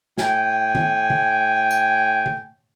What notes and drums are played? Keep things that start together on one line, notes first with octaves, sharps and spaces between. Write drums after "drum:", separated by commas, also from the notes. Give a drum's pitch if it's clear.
A2 G5 G#5, drum: snare
drum: tom D#3
drum: tom D3
drum: tambourine
drum: tom D3